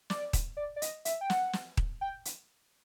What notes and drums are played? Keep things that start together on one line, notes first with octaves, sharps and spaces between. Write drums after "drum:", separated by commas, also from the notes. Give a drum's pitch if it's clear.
D5, drum: snare
drum: kick D#1, hi-hat
D5
D5
D#5, drum: hi-hat
E5, drum: hi-hat
G5
F#5, drum: snare
drum: snare
drum: kick D#1
G5
drum: hi-hat